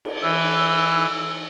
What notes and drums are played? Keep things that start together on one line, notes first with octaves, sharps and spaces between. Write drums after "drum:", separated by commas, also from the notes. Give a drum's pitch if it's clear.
drum: cymbal
E3 E6